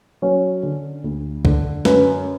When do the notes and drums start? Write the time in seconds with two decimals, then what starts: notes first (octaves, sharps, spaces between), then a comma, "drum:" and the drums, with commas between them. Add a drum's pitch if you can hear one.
0.22 F#3 C#4 C#5
0.63 D3
1.04 D2
1.45 D3, drum: kick
1.85 F#2 B4, drum: snare